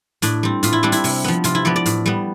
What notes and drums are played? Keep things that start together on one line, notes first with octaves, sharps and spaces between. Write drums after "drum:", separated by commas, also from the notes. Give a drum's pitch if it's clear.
A2 D4, drum: hi-hat
G3 C4
A2 F4, drum: hi-hat
E4
G3 C4 D4
E4, drum: hi-hat
C3, drum: open hi-hat
F3 B3
C3 F4, drum: hi-hat
E4
F3 B3 D5
D5
A2, drum: hi-hat
G3 B3